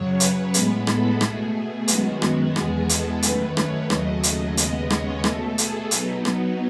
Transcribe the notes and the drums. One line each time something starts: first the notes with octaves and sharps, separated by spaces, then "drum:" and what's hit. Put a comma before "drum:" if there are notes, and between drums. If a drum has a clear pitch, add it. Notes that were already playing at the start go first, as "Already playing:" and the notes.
Already playing: F#2 C#3 F#3 C#5
B4, drum: hi-hat
A2 G#3 B3 B4, drum: hi-hat
A4, drum: rim click
B2 A3 G#4, drum: rim click
F#2 D#3 G#3 B3 F#4, drum: hi-hat
drum: rim click
E2 B2 G#3 B3 G#4, drum: rim click
A4, drum: hi-hat
F#2 D#3 A3 B4, drum: hi-hat
C#5, drum: rim click
D#2 C#3 F#3 A3 D#5, drum: rim click
drum: hi-hat
D#2 C#3 G#3 B3 D#5, drum: hi-hat
C#5, drum: rim click
B2 A3 A4, drum: rim click
G#4, drum: hi-hat
B2 F#3 B3 D#4, drum: hi-hat
drum: rim click